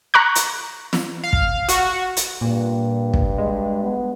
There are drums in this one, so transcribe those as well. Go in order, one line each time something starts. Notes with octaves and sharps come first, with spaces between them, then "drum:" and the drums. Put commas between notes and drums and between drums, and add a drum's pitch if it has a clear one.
A#5 C#6 F#6
drum: hi-hat
drum: snare
F5
drum: kick
F#4, drum: hi-hat
drum: hi-hat
G2 A#2
drum: kick
G#3
B3